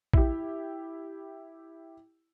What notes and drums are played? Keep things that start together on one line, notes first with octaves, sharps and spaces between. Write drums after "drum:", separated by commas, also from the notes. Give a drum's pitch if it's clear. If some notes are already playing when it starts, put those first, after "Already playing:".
E4 G4, drum: kick